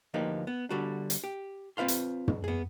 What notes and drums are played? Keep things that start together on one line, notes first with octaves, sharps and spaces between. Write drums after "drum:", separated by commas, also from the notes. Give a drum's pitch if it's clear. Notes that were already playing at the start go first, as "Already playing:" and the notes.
D2 F3 A#3 D#4 G4 B4
B3
D3 G3 F#4
drum: hi-hat
G4
C4 F4 B4 F5 C6
drum: hi-hat
drum: tom
B3 G#4